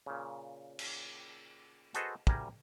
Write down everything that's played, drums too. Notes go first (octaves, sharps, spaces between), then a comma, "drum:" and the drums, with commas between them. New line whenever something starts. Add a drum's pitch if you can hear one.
A#2 C#3
drum: cymbal
F#4 G#4 A4 B4 C5 D#5, drum: hi-hat
D2 G3 A#4 G#5 A#5, drum: kick